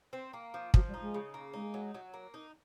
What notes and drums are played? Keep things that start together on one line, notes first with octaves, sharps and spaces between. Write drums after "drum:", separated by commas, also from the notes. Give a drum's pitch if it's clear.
C4
A#3
F3
F3 F#3, drum: kick
G3
D#4
G#3
C#3
A#3
G#3 D#4
F#3
F#3
A#3
D#4